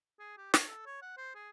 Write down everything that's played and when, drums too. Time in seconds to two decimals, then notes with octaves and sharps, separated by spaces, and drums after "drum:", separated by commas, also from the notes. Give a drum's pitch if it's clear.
0.19 G#4
0.37 G4
0.54 C#5, drum: snare
0.68 A4
0.86 C#5
1.02 F#5
1.17 C5
1.35 G#4